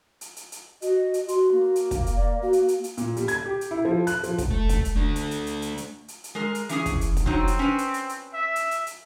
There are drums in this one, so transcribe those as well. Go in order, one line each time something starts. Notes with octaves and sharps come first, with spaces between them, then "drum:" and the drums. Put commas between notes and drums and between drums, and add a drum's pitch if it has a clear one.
drum: hi-hat
drum: hi-hat
drum: hi-hat
F#4 D#5, drum: hi-hat
drum: hi-hat
F#4 C6, drum: hi-hat
A#3
drum: hi-hat
drum: kick, hi-hat
drum: hi-hat
D5
F#4
drum: hi-hat
drum: hi-hat
drum: hi-hat
A#2, drum: hi-hat
G3, drum: hi-hat
G#6, drum: hi-hat
G4
drum: hi-hat
E4
F3
F#6, drum: hi-hat
F3, drum: hi-hat
drum: kick, hi-hat
A3
drum: kick, hi-hat
drum: hi-hat
A3 D4
drum: hi-hat
drum: hi-hat
drum: hi-hat
drum: hi-hat
drum: hi-hat
drum: hi-hat
drum: hi-hat
G#3 A#4
drum: hi-hat
E3 C#4 G#4, drum: hi-hat
drum: kick, hi-hat
drum: hi-hat
drum: kick, hi-hat
F#3 C4 D#4
drum: hi-hat
C#4 B4
drum: hi-hat
drum: hi-hat
drum: hi-hat
E5
drum: hi-hat
drum: hi-hat
drum: hi-hat